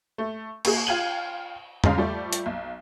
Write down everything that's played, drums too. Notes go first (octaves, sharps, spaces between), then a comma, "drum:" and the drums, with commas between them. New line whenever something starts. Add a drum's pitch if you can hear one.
A3
A#3 F#4 G#4, drum: cymbal
F4 F5 G5 G#6 D#7 F#7
G#2 C#3 D#5 F5, drum: tom E2
F3 G3 A3 D5
drum: hi-hat
B1